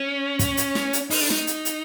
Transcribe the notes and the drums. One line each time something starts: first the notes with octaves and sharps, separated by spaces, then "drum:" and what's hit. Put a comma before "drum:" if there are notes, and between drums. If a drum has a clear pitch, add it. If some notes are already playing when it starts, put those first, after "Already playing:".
Already playing: C#4
drum: kick, hi-hat
drum: hi-hat
drum: snare
drum: hi-hat
D#4, drum: open hi-hat
D4
D#4, drum: snare
drum: hi-hat
drum: hi-hat